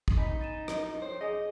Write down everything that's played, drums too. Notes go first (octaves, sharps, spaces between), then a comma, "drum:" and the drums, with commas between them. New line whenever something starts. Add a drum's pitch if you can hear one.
drum: kick
D#4 G#5 B5 B6
A6 D#7 E7
E4 D#5, drum: rim click
C5 C#5
G#4 D#5 G#5